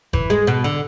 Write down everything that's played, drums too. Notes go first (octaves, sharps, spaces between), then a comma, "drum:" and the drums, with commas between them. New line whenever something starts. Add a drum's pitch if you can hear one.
E3, drum: kick F#1
G#3
B2
D3